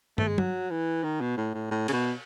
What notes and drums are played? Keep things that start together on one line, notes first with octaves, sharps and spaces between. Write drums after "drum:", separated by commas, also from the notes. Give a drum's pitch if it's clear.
A3, drum: tom
G#3
F#3, drum: tom F#3
E3
D#3
B2
A2
A2
A2
C#3, drum: cymbal
B2